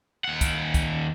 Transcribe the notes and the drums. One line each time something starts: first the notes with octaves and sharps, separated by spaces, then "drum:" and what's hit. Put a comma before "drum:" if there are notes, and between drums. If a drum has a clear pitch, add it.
D#2 F#5
drum: kick, hi-hat
drum: kick, hi-hat